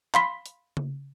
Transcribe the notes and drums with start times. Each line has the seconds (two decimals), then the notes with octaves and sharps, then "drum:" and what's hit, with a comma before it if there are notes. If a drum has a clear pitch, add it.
0.14 F5 B5 C6 B6, drum: clap
0.46 drum: hi-hat
0.77 drum: tom C#3